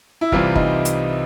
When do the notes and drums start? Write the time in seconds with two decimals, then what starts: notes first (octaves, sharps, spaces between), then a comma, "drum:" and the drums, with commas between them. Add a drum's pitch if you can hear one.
0.21 E4
0.32 C2 C3 E3 G3 F4, drum: kick G1
0.56 D#4, drum: kick G1
0.85 drum: hi-hat